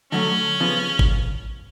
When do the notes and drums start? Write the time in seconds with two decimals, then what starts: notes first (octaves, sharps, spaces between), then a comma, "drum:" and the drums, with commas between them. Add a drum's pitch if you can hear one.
0.12 D3 F#3 A3 C#4
0.60 C#3 F3 B3
0.99 drum: kick G1